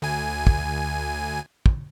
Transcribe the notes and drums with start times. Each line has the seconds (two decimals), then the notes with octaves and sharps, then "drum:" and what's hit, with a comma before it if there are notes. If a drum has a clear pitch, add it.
0.02 D2 G#5
0.47 drum: kick
1.66 drum: kick